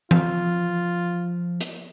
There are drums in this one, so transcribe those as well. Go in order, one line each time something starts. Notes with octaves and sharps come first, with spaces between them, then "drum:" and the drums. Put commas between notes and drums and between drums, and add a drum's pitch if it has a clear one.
F3 F4, drum: tom E3
drum: hi-hat